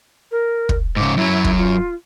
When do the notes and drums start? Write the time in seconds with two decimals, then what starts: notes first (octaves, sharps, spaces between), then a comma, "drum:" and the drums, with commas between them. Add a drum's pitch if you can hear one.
0.31 A#4
0.69 drum: kick
0.97 G#2 C#3 D6
1.17 F#2 F#3 E4
1.44 drum: kick
1.58 F4